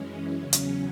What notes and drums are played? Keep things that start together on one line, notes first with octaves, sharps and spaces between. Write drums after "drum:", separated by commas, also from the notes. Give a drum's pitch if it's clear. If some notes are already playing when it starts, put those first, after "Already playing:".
Already playing: F#2 E3 G#3 C#4
E2 C#3 F#3
drum: hi-hat